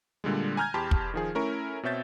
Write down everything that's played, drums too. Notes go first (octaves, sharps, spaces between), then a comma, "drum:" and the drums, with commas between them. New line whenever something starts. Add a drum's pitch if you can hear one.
A#2 D3 G3 G#3
G#5 A#5 F6 G6 G#6
E2 G4 A5 B5 C6
drum: kick
D#3 F3 G#4
A3 C#4 E4 A#4 C#6
B2 C4 C#5 E5 G6 A6